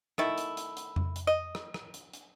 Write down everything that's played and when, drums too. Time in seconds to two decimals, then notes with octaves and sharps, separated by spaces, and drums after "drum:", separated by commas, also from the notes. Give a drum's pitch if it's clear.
0.18 D#3 A3 E4, drum: rim click
0.38 drum: hi-hat
0.57 drum: hi-hat
0.77 drum: hi-hat
0.96 drum: tom F2
1.16 drum: hi-hat
1.27 D#5
1.55 drum: rim click
1.74 drum: rim click
1.94 drum: hi-hat
2.13 drum: hi-hat